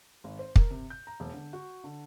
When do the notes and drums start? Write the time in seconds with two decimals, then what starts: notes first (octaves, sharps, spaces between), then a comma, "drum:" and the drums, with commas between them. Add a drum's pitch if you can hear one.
0.24 G#1
0.39 C5
0.56 A#4, drum: kick
0.71 C3
0.90 G6
1.07 A#5
1.20 E1
1.34 D3
1.53 F#4
1.84 D3